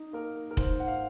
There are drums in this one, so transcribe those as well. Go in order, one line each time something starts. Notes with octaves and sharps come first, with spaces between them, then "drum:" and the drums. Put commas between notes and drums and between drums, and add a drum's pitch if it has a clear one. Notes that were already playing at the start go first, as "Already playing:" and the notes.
Already playing: D#4
A#3 A#4
A#4
G#2 C5, drum: kick
F#5
F5